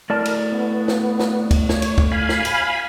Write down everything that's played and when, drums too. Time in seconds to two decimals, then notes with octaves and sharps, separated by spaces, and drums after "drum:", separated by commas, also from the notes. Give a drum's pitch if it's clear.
0.10 A2 A#4 D5 A5
0.25 drum: cymbal
0.52 B3
0.88 drum: snare
1.19 drum: snare
1.51 drum: kick, cymbal
1.69 C#5, drum: snare
1.82 drum: cymbal
1.98 drum: kick
2.12 F5 G#5 B5
2.29 drum: snare
2.45 drum: cymbal